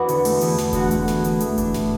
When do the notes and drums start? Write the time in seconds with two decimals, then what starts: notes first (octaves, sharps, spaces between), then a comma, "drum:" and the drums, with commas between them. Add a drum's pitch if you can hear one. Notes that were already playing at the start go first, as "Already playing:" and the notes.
Already playing: E2 D4 E4 F#4 B4 D5 F#5
0.09 D3, drum: hi-hat
0.25 A3, drum: open hi-hat
0.41 E2, drum: hi-hat
0.58 E2, drum: snare
0.73 D3 F#4 F#5, drum: kick E1, hi-hat
0.91 A3, drum: hi-hat
1.08 E2, drum: snare
1.24 E2, drum: hi-hat
1.40 A3, drum: hi-hat
1.58 D4, drum: kick E1, hi-hat
1.74 A2, drum: snare